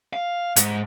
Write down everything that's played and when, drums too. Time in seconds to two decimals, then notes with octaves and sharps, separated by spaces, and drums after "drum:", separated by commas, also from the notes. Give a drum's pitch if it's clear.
0.13 F5
0.56 G#2, drum: hi-hat